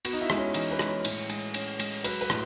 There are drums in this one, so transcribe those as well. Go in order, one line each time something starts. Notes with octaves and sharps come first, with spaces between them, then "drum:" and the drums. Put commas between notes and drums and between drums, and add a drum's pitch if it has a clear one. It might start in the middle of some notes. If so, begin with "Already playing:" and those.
B3 F#4, drum: cymbal
D#4
E4
G#3, drum: rim click
C#4
E3 D#4, drum: cymbal
B4
G#3, drum: rim click
C#5
A2, drum: cymbal
G#3, drum: cymbal
C#4, drum: cymbal
G#3, drum: cymbal
F#3 B4, drum: cymbal
B4
A2, drum: rim click